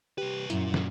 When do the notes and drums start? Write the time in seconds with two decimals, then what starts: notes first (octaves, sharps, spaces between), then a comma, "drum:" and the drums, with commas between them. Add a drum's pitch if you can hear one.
0.18 C2 G4 B4
0.50 F#2 A#2 E4, drum: hi-hat
0.74 drum: snare